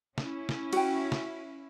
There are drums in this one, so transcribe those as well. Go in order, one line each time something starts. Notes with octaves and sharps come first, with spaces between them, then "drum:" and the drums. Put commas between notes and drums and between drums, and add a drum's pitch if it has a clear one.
C#4 E4, drum: snare
drum: snare
F#4 G5, drum: cymbal
drum: snare